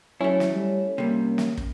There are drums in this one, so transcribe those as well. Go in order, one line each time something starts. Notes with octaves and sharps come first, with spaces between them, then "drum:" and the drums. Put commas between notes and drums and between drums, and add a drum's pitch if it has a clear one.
F#3 A3 C#4 E4
drum: snare
G3
C3 G3 A#3
drum: snare
drum: kick